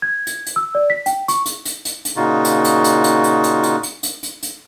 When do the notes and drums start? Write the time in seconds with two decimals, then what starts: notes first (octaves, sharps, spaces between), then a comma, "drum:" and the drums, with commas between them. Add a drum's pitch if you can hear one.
0.02 G#6
0.27 drum: hi-hat
0.47 drum: hi-hat
0.56 E6
0.75 D5
0.90 B6
1.06 G5, drum: hi-hat
1.28 C#6, drum: hi-hat
1.46 drum: hi-hat
1.65 drum: hi-hat
1.85 drum: hi-hat
2.05 drum: hi-hat
2.16 A#2 C#3 D#4 F4 F#4
2.45 drum: hi-hat
2.64 drum: hi-hat
2.84 drum: hi-hat
3.04 drum: hi-hat
3.24 drum: hi-hat
3.44 drum: hi-hat
3.63 drum: hi-hat
3.83 drum: hi-hat
4.03 drum: hi-hat
4.23 drum: hi-hat
4.43 drum: hi-hat